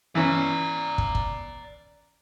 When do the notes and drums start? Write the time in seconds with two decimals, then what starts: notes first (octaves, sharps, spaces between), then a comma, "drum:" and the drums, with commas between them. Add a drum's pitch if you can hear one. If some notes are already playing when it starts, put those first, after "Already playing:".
0.15 E3 C#4 D5 A#5
0.98 drum: kick
1.15 drum: kick